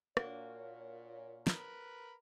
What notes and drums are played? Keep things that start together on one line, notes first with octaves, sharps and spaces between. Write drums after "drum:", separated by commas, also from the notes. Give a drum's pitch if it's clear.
A#2 A#3 D4 F#4 C#5, drum: rim click
A#4 B4 B5, drum: snare